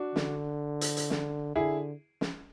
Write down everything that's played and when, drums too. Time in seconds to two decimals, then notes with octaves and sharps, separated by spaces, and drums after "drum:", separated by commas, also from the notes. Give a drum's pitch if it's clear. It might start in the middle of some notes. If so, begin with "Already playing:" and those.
Already playing: D4 F#4
0.16 D3, drum: snare
0.81 drum: hi-hat
0.97 drum: hi-hat
1.10 drum: snare
1.55 D3 E4 G#4
2.21 drum: snare